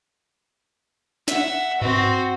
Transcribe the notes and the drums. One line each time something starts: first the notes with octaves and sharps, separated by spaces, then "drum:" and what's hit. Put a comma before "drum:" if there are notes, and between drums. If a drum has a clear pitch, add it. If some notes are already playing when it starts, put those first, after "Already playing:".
E5 F#5, drum: snare
C4 F#4, drum: tom G2